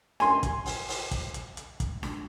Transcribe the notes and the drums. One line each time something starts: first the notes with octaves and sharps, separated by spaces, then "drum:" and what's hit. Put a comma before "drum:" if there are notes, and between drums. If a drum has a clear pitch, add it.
G#5 C6, drum: snare D4
drum: kick, hi-hat
drum: open hi-hat
drum: open hi-hat
drum: kick, hi-hat
drum: hi-hat
drum: hi-hat
drum: kick, hi-hat
drum: snare D4